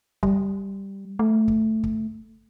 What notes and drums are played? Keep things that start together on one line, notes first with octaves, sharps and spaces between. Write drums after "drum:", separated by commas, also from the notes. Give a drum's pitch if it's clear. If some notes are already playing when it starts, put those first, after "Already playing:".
G3, drum: kick
A3
drum: kick
drum: kick